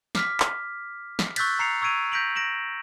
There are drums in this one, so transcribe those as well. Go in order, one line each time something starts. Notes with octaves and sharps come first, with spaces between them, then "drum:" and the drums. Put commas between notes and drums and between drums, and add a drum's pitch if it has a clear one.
D6 F6 B6, drum: snare
drum: clap
drum: snare
C#6 E6 F#6 G6 A6 B6, drum: cymbal
A#5 C7 C#7 F7
C#6 E6 G#6 D7 D#7 F7
G6 A#6 B6 D7 F7 F#7
A#6 D7 E7 F#7